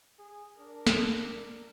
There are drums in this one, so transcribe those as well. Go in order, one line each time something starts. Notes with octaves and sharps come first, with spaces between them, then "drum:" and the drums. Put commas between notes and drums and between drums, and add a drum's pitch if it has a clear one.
G#4
D4 A#4
drum: snare